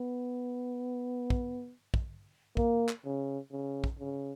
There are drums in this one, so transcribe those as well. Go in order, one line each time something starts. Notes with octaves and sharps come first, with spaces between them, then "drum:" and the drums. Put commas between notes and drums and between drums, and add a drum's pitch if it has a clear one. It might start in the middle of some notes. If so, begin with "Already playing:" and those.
Already playing: B3
drum: kick
drum: kick
A#3, drum: kick
drum: clap
C#3
C#3
drum: kick
C#3